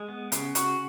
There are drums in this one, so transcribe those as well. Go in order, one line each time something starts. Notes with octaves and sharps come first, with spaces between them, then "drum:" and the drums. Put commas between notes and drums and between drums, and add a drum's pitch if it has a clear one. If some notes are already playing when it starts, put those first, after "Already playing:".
Already playing: G#3
B3
C#3, drum: hi-hat
F#4, drum: hi-hat